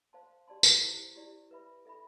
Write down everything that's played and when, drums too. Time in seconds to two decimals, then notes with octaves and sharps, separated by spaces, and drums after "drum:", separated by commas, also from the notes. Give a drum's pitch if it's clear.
0.13 C5 F5 A5 C6
0.48 G4 D5 A5 C6
0.63 drum: tambourine
0.82 E4 G4 C5
1.16 E4 G4 D5
1.51 B4 E5 B5
1.85 A4 E5 B5